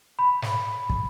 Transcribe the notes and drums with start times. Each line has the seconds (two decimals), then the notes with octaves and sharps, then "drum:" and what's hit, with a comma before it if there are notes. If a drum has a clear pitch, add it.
0.19 B5
0.42 drum: snare
0.90 drum: kick